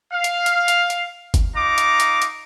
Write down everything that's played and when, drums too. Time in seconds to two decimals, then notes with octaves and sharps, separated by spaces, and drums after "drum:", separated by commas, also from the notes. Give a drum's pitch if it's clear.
0.13 F5
0.24 drum: hi-hat
0.46 drum: hi-hat
0.68 drum: hi-hat
0.90 drum: hi-hat
1.34 drum: kick G1, hi-hat
1.56 D#4 F4 A#5 D6
1.78 drum: hi-hat
2.00 drum: hi-hat
2.22 drum: hi-hat